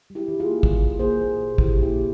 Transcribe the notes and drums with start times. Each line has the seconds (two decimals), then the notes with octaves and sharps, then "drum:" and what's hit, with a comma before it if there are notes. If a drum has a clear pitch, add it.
0.10 G3
0.15 E4 G4
0.28 E3
0.40 F4 G#4
0.46 A#3
0.63 G3, drum: kick
0.81 E3
0.99 A#3 G#4 C5
1.17 A#3
1.35 A#2
1.53 A#2
1.58 E4 G4, drum: kick
1.71 A#3
1.82 E4 G4
1.89 A#3